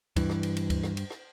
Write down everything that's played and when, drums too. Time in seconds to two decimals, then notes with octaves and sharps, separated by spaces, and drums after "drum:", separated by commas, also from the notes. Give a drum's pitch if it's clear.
0.16 G2 E3, drum: kick D2, cymbal
0.30 drum: rim click
0.43 drum: cymbal
0.57 drum: cymbal
0.70 drum: kick D2, cymbal
0.83 drum: rim click
0.97 drum: cymbal
1.10 drum: rim click